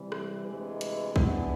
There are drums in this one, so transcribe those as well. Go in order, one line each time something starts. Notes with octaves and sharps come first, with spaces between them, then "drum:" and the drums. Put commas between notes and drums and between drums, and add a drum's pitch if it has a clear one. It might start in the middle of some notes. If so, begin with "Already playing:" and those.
Already playing: C3 E3 G3
drum: rim click
D2 C3 E3 G#3
drum: hi-hat
E3 G#3 B3 D4, drum: kick B1